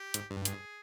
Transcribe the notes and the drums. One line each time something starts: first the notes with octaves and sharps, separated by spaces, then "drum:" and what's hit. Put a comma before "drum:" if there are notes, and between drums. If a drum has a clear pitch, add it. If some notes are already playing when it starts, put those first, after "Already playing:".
Already playing: G4
G#2, drum: hi-hat
G2
G#4, drum: hi-hat